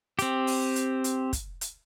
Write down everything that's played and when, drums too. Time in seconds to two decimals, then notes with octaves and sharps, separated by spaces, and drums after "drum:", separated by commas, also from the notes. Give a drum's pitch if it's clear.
0.19 C4 G4, drum: hi-hat
0.47 drum: open hi-hat
0.76 drum: hi-hat
1.04 drum: hi-hat
1.33 drum: kick, hi-hat
1.61 drum: hi-hat